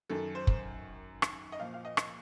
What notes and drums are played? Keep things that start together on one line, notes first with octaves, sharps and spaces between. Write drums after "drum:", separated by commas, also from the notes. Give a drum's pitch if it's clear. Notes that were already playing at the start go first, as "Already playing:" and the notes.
F#2 D#3 A4
C5
drum: kick
drum: rim click
D#5
A#2 F3 F5
F5
D#5
drum: rim click